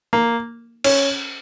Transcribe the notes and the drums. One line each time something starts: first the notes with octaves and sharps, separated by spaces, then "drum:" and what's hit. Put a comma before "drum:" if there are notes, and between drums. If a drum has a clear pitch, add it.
A#3
C#4, drum: cymbal